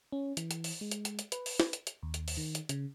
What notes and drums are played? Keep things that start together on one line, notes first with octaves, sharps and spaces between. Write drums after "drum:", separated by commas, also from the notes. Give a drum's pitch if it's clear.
C#4
E3, drum: hi-hat
drum: hi-hat
drum: open hi-hat
G#3
drum: hi-hat
drum: hi-hat
drum: hi-hat
B4, drum: hi-hat
drum: open hi-hat
drum: snare
drum: hi-hat
drum: hi-hat
D#2
drum: hi-hat
drum: open hi-hat
D#3
drum: hi-hat
C#3, drum: hi-hat